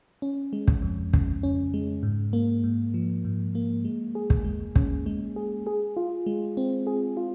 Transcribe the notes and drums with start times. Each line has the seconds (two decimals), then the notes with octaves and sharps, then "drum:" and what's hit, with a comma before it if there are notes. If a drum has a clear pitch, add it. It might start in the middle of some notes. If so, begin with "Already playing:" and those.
0.22 C#4
0.53 G#3
0.68 drum: kick
0.82 F2
1.13 C#3, drum: kick
1.43 C#4
1.74 G#3
2.03 G#2
2.33 A#3
2.64 G#2
2.94 F3
3.25 G#2
3.55 A#3
3.85 G#3
4.15 G#4
4.30 drum: kick
4.45 G#3
4.76 C#4, drum: kick
5.06 G#3
5.36 G#4
5.67 G#4
5.97 F4
6.26 G#3
6.57 C4
6.87 G#4
7.17 F4